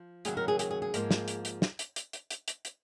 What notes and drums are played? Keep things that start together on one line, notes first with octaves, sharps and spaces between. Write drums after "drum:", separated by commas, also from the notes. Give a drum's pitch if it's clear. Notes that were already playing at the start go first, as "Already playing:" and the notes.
Already playing: F3
D#2 C#3 F#3 G#4, drum: hi-hat
A#4
G#4
G#4, drum: hi-hat
G#4
G#4
G#2 F3 A#3, drum: hi-hat
drum: snare
drum: hi-hat
drum: hi-hat
drum: snare
drum: hi-hat
drum: hi-hat
drum: hi-hat
drum: hi-hat
drum: hi-hat
drum: hi-hat